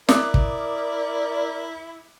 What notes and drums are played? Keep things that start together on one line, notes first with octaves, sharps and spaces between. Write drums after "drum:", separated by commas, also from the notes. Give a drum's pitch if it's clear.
E4 A#4 D5 D6 D#6 F#6, drum: snare
drum: kick